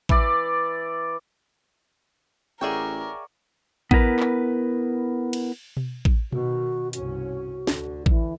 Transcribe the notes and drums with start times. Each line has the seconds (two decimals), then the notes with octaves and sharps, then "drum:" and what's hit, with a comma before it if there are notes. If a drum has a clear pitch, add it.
0.09 E3 D5, drum: kick A1
2.61 A1 G#4 A#4 C#5 D5 E5 F#5 G5
3.91 B3 E4 A#4 B4, drum: kick A1
4.20 drum: clap
5.33 drum: cymbal
5.77 drum: tom B2
6.05 drum: kick A1
6.32 B2 D#3 F#4, drum: tom B2
6.93 C2 G2 C#4 F#4, drum: hi-hat
7.67 D2 D3, drum: snare
8.06 E3, drum: kick A1